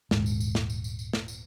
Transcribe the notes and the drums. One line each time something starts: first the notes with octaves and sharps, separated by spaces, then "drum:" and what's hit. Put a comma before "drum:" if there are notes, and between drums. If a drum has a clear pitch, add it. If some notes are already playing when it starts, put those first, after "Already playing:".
D#1 B1 G#2 G#3, drum: snare
drum: tambourine
drum: tambourine
drum: snare
drum: tambourine
drum: tambourine
drum: tambourine
drum: snare
drum: tambourine